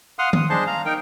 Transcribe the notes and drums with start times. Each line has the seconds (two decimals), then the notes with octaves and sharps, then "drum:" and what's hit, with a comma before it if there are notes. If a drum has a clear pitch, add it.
0.19 F5 F#5 C6 D#6 F6
0.33 D#6, drum: tom D#3
0.50 G#3 D4 G#4 C5 A5 C6
0.67 F5 A#5
0.85 D#4 A#4 G5